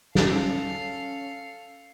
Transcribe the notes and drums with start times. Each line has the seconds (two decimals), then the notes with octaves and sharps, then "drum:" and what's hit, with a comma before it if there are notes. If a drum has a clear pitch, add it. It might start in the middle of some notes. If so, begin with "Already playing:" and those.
0.15 C#4 A4 F5, drum: snare